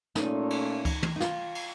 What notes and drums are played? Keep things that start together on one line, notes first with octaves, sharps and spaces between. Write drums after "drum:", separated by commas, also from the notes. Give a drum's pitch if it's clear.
A#2 A3 C#4 D#4, drum: snare
drum: cymbal
drum: kick C#2, cymbal
drum: tom
D#4
F4, drum: snare
drum: cymbal